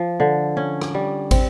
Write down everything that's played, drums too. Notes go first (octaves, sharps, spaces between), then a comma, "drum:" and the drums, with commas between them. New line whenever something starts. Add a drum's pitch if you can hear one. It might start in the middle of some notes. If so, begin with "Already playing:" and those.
Already playing: F3
D3
C#4
drum: rim click
G3
C4, drum: kick, cymbal